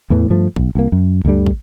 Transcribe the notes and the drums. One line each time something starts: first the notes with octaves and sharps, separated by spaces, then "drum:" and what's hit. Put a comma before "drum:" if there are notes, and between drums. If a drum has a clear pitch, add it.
E2 A2 E3
G2 F3 A3
B1, drum: kick
C2 A#3
F#2
D2 G2 D3 G3
drum: kick